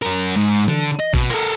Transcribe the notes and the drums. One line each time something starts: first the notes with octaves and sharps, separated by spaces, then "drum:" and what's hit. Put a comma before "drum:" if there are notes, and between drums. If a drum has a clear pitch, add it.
F#2 A#4
G#2
D3, drum: tom E3
D#5
B2, drum: kick G#1
A4 A#4, drum: cymbal